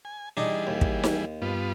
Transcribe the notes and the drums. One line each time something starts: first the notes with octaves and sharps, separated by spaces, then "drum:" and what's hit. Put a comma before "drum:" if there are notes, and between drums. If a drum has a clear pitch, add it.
G#5
E3 G3 D4 D#4 G#4
D#2
drum: kick
drum: snare D#4
G2 B3 F4